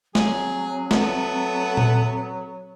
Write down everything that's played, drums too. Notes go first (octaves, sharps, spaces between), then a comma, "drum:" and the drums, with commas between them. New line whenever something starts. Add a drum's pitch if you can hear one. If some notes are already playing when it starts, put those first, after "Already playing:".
F#3 C4 G#4, drum: snare
A3 B3 A4, drum: snare
drum: tom A#2